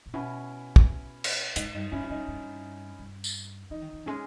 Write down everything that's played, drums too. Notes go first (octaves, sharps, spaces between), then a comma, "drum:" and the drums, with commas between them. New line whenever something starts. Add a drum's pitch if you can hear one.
A#2
B2 C#4 E4
drum: kick
drum: cymbal
G#2 D#4, drum: hi-hat
G2 D#4
G2 C#4 E4
C#4
G2 D#4
G2
G2
drum: tambourine
E3 D#4
D#3
E3
G#3 C#4